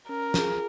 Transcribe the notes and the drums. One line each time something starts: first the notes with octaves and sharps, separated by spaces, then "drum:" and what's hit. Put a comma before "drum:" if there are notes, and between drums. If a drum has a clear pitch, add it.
C#4 A#4
F4 G#4, drum: snare